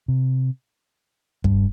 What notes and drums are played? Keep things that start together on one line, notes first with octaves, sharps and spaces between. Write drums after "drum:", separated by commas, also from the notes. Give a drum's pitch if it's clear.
C3
G2, drum: kick